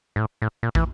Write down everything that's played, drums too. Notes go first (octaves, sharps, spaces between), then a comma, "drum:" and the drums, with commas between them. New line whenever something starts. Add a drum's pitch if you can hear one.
G#2
A2
A2
A#2
E3, drum: kick